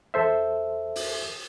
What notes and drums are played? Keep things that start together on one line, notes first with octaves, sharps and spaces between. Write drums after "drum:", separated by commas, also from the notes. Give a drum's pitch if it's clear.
E2 A4 C5 E5
drum: open hi-hat